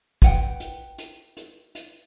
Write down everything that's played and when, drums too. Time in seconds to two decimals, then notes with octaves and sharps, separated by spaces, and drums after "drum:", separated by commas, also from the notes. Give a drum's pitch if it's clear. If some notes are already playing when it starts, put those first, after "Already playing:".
0.22 B4 F#5 G5, drum: kick, hi-hat
0.60 drum: hi-hat
0.98 drum: hi-hat
1.37 drum: hi-hat
1.75 drum: hi-hat